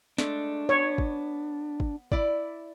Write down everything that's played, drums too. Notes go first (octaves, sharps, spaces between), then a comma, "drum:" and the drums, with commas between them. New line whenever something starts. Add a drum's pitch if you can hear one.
G#3 A3 D4, drum: snare
B3 C#5
drum: kick
drum: kick
E4 D5, drum: kick